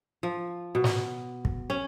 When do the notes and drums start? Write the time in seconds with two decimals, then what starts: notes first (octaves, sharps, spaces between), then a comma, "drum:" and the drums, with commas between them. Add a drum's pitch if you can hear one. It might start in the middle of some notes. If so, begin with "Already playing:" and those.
0.23 F3
0.75 B2
0.84 drum: snare
1.45 drum: kick
1.70 C#4